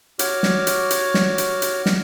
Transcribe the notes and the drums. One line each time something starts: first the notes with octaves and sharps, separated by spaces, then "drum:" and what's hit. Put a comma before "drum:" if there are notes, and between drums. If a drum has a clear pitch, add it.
F#4 C#5 D6 F6, drum: hi-hat
drum: snare
drum: hi-hat
drum: hi-hat
drum: snare
drum: hi-hat
drum: hi-hat
drum: snare